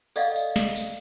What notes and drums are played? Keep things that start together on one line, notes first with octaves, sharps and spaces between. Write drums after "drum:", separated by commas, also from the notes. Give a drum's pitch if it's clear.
A4 D5 D#5 F5 F#5, drum: tambourine
drum: tambourine
drum: snare
drum: tambourine